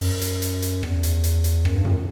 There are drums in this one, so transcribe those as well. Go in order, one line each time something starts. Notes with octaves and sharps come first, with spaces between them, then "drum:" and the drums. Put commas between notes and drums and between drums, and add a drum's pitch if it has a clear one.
F#2, drum: open hi-hat
drum: hi-hat
drum: hi-hat
drum: hi-hat
E2, drum: rim click
drum: hi-hat
drum: hi-hat
drum: hi-hat
F#2, drum: rim click
G2
F#2, drum: tom A#2